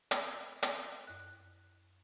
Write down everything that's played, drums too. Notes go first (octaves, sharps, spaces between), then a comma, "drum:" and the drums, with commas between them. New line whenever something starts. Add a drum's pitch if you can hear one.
B5 E6 F6 G#6, drum: hi-hat
drum: hi-hat
F#2 F#6